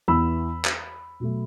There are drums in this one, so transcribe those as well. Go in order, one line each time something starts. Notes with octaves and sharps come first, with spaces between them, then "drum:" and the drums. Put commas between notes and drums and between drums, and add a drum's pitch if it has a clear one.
E2 E3 B3 B5 E6
drum: clap
B2 F#3 A3